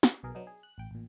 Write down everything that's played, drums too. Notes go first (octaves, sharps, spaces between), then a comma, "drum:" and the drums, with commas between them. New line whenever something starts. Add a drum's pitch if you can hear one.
drum: snare
B1 B2 G#4 A#4
F#3 B3 D4 D#4
G#4
F#6
A1 G5
A1 A#2